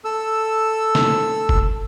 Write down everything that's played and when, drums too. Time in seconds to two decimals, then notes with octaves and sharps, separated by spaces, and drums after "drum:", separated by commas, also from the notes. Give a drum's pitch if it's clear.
0.05 A4 E6
0.95 drum: snare
1.49 drum: kick F#1